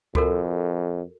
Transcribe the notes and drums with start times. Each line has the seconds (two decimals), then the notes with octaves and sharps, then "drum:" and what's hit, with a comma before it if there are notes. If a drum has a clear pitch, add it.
0.15 F2 F#4 A4 A#4, drum: kick C#2